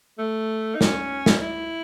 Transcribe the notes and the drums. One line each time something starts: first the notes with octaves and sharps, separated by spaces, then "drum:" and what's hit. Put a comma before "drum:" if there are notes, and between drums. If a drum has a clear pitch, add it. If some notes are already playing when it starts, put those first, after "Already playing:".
A3
D#4
C#4, drum: snare
drum: snare
E4